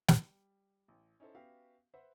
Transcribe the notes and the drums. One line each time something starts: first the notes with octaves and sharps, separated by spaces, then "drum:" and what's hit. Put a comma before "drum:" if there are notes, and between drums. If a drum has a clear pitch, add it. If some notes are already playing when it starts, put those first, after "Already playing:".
drum: snare
G3
A1
C#4 D#4 E4 A4 C5
B3 C#4 F#4 G4 E5 F5
B4 C5 E5 F#5